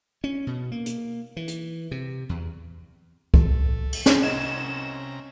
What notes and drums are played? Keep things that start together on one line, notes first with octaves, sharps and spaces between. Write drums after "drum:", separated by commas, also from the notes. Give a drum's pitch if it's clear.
C#4
B2
A#3
drum: hi-hat
E3
drum: hi-hat
C3
E2
A3, drum: kick C2
drum: cymbal
drum: snare
C2 C3 C#4 D#5 A#5 G#6 E7